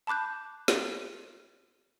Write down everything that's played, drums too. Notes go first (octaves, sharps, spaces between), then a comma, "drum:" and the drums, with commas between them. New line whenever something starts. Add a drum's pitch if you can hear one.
A5 B5 D6 F#6 G6
drum: snare